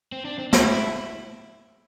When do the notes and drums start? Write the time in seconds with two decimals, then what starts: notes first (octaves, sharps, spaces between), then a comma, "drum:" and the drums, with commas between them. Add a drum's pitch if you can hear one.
0.12 C4
0.25 D4
0.39 C4
0.53 E4, drum: snare